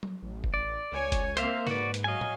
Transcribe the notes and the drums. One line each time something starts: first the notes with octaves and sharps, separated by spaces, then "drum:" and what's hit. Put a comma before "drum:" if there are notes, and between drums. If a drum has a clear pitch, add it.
drum: tom F#3
A1
drum: kick F#1
D5
C#2 C#5 G#5
drum: kick F#1, hi-hat
A#3 C4 C5 E5 F5, drum: hi-hat
G#2 F#4 B4 D5, drum: snare
drum: hi-hat
F#3 D#5 F5 G#5
drum: tom